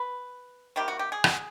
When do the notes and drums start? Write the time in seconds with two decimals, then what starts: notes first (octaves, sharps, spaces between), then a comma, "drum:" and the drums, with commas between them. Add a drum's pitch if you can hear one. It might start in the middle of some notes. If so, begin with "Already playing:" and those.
Already playing: B4
0.76 C3 D#3 G3 A#3 G4
0.88 F#4
0.99 G4
1.12 G#4
1.24 drum: rim click